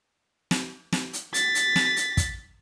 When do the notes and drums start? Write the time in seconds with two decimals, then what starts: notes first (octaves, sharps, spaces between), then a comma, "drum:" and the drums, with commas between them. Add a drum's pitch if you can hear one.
0.51 drum: snare
0.92 drum: snare
1.13 drum: hi-hat
1.34 A6 B6, drum: hi-hat
1.55 drum: hi-hat
1.76 drum: snare
1.96 drum: hi-hat
2.17 drum: kick, hi-hat